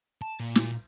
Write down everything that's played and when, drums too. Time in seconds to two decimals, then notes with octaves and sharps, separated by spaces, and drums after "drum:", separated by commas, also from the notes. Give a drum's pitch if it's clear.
0.22 A5
0.40 A#2
0.55 drum: snare